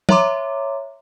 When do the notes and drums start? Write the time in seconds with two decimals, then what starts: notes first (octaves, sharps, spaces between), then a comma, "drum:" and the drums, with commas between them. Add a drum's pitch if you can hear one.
0.09 C#5 E5 A#5 C6 D6, drum: tom